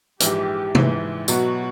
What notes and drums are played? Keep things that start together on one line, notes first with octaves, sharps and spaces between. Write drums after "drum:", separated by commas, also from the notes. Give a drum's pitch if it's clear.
A#1 G#2 E3 G4, drum: hi-hat
A#1 G#2 E3, drum: tom C3
B2 F#3 B3 F#4, drum: tambourine